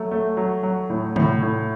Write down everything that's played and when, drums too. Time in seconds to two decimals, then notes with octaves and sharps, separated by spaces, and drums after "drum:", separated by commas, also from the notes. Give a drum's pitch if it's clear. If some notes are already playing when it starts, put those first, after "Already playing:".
Already playing: F#3 A3
0.11 A3
0.37 F#3
0.63 F#3
0.90 A2
1.16 A2, drum: tom C3
1.42 A2